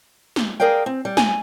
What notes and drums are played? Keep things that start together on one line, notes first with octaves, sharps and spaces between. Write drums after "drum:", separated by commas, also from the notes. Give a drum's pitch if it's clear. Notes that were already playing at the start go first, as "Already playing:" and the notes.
drum: snare
G#4 A#4 D5 F5 G5
C4
G3
G#5, drum: snare